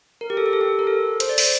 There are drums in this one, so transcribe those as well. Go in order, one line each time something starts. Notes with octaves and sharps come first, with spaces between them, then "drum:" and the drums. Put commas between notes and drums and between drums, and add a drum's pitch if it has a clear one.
A#4
G4
A4
G4
A4
G4
A#4
A4
C5, drum: hi-hat
D5
C5, drum: open hi-hat